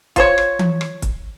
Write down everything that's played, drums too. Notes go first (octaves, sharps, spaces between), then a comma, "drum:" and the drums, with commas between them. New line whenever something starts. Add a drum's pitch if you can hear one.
F4 C5 C#5, drum: kick, hi-hat
drum: rim click
drum: tom E3
drum: rim click
drum: kick, hi-hat